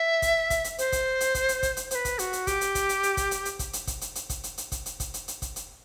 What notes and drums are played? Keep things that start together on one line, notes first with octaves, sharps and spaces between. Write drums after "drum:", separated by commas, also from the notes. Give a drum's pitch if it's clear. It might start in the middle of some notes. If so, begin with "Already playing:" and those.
Already playing: E5
drum: kick, hi-hat
drum: kick, hi-hat
drum: hi-hat
C5, drum: hi-hat
drum: kick, hi-hat
drum: hi-hat
drum: kick, hi-hat
drum: hi-hat
drum: kick, hi-hat
drum: hi-hat
C5, drum: hi-hat
B4
drum: kick, hi-hat
F#4, drum: hi-hat
drum: hi-hat
G4, drum: kick, hi-hat
drum: hi-hat
drum: kick, hi-hat
drum: hi-hat
drum: hi-hat
drum: kick, hi-hat
drum: hi-hat
drum: hi-hat
drum: kick, hi-hat
drum: hi-hat
drum: kick, hi-hat
drum: hi-hat
drum: hi-hat
drum: kick, hi-hat
drum: hi-hat
drum: hi-hat
drum: kick, hi-hat
drum: hi-hat
drum: kick, hi-hat
drum: hi-hat
drum: hi-hat
drum: kick, hi-hat
drum: hi-hat